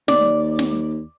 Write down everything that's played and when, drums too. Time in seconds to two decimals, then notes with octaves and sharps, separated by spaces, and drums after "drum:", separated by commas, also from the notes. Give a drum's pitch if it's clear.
0.08 D#2 D5, drum: snare
0.59 drum: snare